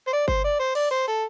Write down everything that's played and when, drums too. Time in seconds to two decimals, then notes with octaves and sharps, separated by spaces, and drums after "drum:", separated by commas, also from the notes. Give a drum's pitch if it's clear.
0.07 C5
0.13 D5
0.28 C5, drum: kick G1
0.44 D5
0.59 C5
0.75 D5, drum: cymbal
0.91 C5
1.07 A4